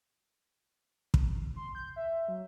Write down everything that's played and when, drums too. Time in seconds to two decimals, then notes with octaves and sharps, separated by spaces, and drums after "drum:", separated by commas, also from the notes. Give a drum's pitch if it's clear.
1.14 drum: kick
1.56 C6
1.75 G6
1.96 E5
2.28 F#3